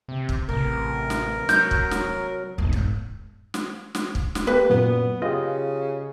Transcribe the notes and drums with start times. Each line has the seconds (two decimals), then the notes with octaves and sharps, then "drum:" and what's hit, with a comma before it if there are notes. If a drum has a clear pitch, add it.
0.08 C3
0.29 drum: kick
0.49 A1 C3 A#4
1.10 drum: snare
1.49 F#3 G6, drum: snare
1.71 drum: kick
1.91 drum: snare
2.58 F1 E2 G#2
2.73 drum: kick
3.54 drum: snare
3.95 drum: snare
4.15 drum: kick
4.35 drum: snare
4.47 A#3 G4 B4
4.70 F#2 A#2 B3
5.22 C#3 F4 G4 D#5